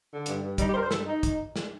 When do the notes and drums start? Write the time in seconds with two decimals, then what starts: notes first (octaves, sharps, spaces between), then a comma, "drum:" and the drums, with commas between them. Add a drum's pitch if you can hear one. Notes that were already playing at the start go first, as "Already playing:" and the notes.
0.10 D3
0.26 G2, drum: hi-hat
0.42 G2
0.58 G3 D#4, drum: kick, hi-hat
0.67 G4
0.70 C5
0.75 G2 A#4
0.83 C5
0.91 G2 A4, drum: snare
1.06 D#4
1.23 drum: kick, hi-hat
1.56 drum: snare